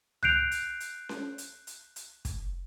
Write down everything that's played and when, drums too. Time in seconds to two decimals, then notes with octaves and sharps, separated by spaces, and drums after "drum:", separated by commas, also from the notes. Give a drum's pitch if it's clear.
0.23 F#6 G6 C7 D7 F7, drum: tom C#2
0.51 drum: hi-hat
0.80 drum: hi-hat
1.09 drum: snare C#4
1.38 drum: hi-hat
1.67 drum: hi-hat
1.96 drum: hi-hat
2.25 drum: kick, hi-hat